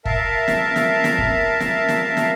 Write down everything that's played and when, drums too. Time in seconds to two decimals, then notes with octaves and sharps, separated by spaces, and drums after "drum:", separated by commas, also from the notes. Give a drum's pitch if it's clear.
0.05 A#4 E5 F5 A5, drum: kick
0.48 drum: snare
0.76 drum: snare
1.04 drum: snare
1.18 drum: kick
1.60 drum: snare
1.89 drum: snare
2.17 drum: snare